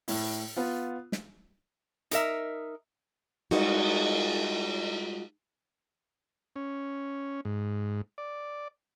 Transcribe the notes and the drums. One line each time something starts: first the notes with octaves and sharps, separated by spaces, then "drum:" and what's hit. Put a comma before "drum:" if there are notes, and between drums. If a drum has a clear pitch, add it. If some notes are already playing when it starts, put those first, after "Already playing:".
A2 E4, drum: open hi-hat
B3 F4
drum: snare
D#4 A#4 E5, drum: hi-hat
G3 G#3 D#4 F4 F#4, drum: cymbal
C#4
G#2
D5